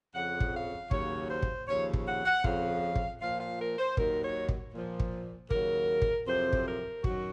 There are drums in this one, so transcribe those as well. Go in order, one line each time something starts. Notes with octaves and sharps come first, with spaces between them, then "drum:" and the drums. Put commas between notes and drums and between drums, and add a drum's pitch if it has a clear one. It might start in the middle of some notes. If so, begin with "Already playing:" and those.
F2 C#3 F3 F#5
drum: kick
F5
D#2 C#3 F#3 C#5, drum: kick
C5
drum: kick
D#2 C#3 F3 C#5
drum: kick
F#5
F#5
F2 C#3 F3 F5, drum: kick
drum: kick
A#2 F3 F5
F5
A#4
C5
D#2 D#3 F#3 A#4, drum: kick
C#5
drum: kick
A#2 F3
drum: kick
D#2 C#3 F#3 A#4, drum: kick
drum: kick
F2 C3 F#3 C5
drum: kick
A#4
F#2 D#3 F#3 F#4, drum: kick